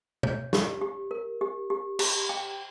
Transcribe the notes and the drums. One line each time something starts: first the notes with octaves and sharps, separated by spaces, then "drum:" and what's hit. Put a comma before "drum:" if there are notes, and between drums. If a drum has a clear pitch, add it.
C#5, drum: tom B2
G4, drum: snare
G4
A#4
G4
G4
G4, drum: cymbal
G5